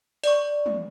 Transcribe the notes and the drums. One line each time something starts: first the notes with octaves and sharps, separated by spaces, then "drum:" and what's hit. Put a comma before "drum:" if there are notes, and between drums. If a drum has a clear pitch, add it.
D5 C#6, drum: hi-hat
drum: tom